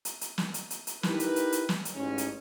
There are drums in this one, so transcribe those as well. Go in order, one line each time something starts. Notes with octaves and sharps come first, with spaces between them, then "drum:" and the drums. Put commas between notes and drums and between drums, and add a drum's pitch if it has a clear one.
drum: hi-hat
drum: hi-hat
drum: snare
drum: hi-hat
drum: hi-hat
drum: hi-hat
D#4 E4 G4 A#4 B4, drum: snare
drum: hi-hat
drum: hi-hat
drum: hi-hat
drum: snare
drum: hi-hat
A1 G#2 C#4
drum: hi-hat